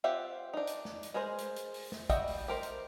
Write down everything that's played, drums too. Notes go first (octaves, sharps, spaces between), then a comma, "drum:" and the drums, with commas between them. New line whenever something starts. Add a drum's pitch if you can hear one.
C4 F4 G4 E5 F#5
D4 D#4
drum: hi-hat
drum: snare
drum: hi-hat
G#3 G#4 A#4 C5
drum: hi-hat
drum: hi-hat
drum: open hi-hat
drum: snare
G3 F#4 D#5 E5 G5, drum: kick, hi-hat
drum: open hi-hat
G4 A#4 C5
drum: hi-hat